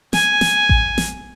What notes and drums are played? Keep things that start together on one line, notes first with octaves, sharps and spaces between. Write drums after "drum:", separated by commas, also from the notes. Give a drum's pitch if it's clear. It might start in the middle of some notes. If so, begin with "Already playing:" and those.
G#5, drum: snare
drum: snare
drum: kick A1
drum: snare